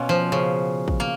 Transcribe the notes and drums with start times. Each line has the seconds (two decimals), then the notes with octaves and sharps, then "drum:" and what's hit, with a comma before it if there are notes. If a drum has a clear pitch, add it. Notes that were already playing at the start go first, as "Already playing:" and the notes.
Already playing: B2 A#3 C#4 F4
0.09 F3
0.32 C#3
0.88 drum: kick
1.00 A#3